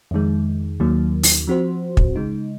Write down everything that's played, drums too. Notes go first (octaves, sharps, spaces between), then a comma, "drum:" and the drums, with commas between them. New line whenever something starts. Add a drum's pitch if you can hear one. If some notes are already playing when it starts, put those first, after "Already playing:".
F2 D#3 G#3
D#2 D#3 F#3 A#3
drum: open hi-hat
F3 C4 F#4 C5
drum: kick
C#3 G#3 D#4